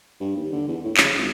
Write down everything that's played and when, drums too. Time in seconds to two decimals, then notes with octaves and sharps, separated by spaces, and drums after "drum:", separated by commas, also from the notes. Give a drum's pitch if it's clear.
0.20 G2
0.36 D#2
0.52 D3
0.68 E2
0.85 A2
0.97 C#3, drum: clap
1.17 G#1